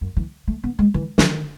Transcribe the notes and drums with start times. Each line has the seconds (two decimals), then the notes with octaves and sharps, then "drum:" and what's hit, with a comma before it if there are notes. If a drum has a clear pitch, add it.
0.01 F#2
0.17 E3
0.48 A3
0.64 B3
0.79 G#3
0.94 E3
1.18 D#3, drum: snare